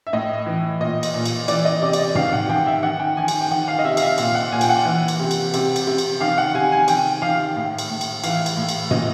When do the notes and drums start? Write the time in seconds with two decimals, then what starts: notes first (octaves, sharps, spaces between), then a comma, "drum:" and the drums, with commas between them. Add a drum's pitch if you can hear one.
0.07 E5
0.13 A2 D#5
0.46 E3
0.80 A#2 D#5
1.03 drum: cymbal
1.14 A#2
1.26 drum: cymbal
1.48 E3 D5, drum: cymbal
1.65 D#5
1.82 C3 D5
1.93 D5, drum: cymbal
1.99 D#5
2.15 D#3 F5, drum: tom
2.33 F#5
2.49 D#3 G5
2.67 E5
2.83 D#3 F#5
3.00 G5
3.17 D#3 G#5
3.28 drum: cymbal
3.41 G5
3.51 D#3 F#5
3.68 F5
3.79 D#5
3.84 C3 E5
3.97 F5, drum: cymbal
4.02 E5
4.18 A#2 F5, drum: cymbal
4.35 F#5
4.52 A#2 G#5
4.61 G5, drum: cymbal
4.69 F#5
4.85 E3
5.08 drum: cymbal
5.20 C3
5.31 drum: cymbal
5.54 C3, drum: cymbal
5.76 drum: cymbal
5.87 C3
5.98 drum: cymbal
6.21 D#3 F5
6.38 F#5
6.54 C3 G#5
6.72 G#5
6.88 D#3 G5, drum: cymbal
7.22 D#3 F5
7.56 A2
7.79 drum: cymbal
7.90 A2
8.01 drum: cymbal
8.24 E3 F5, drum: cymbal
8.46 drum: cymbal
8.57 A2
8.69 drum: cymbal
8.91 A#2 D#5, drum: tom